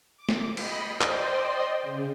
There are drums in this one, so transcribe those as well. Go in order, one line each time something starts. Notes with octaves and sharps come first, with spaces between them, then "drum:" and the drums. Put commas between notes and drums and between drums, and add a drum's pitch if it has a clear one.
D6
drum: snare
D#5 B5, drum: cymbal
C5 D5 D#5 G5 C6, drum: clap
C#3